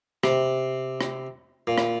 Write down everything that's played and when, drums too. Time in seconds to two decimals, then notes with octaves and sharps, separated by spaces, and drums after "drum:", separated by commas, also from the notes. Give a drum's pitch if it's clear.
0.24 C3, drum: rim click
1.01 drum: rim click
1.67 A#2
1.78 drum: rim click